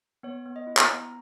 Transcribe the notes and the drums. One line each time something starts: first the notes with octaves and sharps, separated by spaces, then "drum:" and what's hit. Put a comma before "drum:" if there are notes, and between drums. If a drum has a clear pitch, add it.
B3 C#5
B3
D#5
E4
drum: clap
B3 A#5